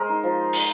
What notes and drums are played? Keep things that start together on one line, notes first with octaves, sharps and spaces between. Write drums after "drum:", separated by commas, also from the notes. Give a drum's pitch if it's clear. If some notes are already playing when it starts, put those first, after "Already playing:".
Already playing: G#3 A#4 C5 D#5
D#4
F3
drum: open hi-hat